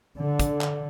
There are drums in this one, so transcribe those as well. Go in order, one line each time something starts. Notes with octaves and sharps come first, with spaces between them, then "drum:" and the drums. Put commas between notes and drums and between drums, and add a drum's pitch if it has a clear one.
D3
drum: kick, hi-hat
drum: clap